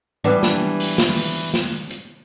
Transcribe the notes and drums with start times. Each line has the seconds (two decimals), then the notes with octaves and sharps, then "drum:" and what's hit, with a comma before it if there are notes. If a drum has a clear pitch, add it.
0.24 E3 G3 B3 D4
0.43 drum: snare
0.80 drum: open hi-hat
0.98 drum: snare
1.17 drum: open hi-hat
1.54 drum: snare
1.91 drum: hi-hat